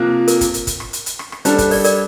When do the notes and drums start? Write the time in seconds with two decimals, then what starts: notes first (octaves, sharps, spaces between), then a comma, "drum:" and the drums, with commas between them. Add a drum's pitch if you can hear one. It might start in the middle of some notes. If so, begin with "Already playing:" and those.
Already playing: C3 F3 A#3 C5
0.28 A#4, drum: hi-hat
0.41 drum: kick, hi-hat
0.54 drum: hi-hat
0.67 drum: kick, hi-hat
0.80 drum: rim click
0.93 drum: hi-hat
1.06 drum: hi-hat
1.19 drum: rim click
1.32 drum: rim click
1.45 G3 D4 A4 C5, drum: hi-hat
1.58 C5, drum: kick, hi-hat
1.71 A#4 D5, drum: open hi-hat
1.84 A#4 D5, drum: hi-hat